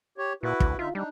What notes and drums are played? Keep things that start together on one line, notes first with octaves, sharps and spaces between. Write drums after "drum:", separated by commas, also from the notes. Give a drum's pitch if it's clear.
G4 C#5
A#2 E4 F#4 B4
D2, drum: kick
D3 D#4 F4 E5
G3 D4 D#4